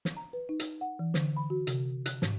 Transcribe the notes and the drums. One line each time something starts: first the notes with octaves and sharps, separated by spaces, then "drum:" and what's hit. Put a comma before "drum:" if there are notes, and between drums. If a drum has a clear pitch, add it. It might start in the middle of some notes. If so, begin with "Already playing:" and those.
drum: snare
A#5
B4
D#4
drum: hi-hat
F#5
E3
D3, drum: snare
B5
F#4
C3, drum: hi-hat
F#6, drum: hi-hat
G#2, drum: snare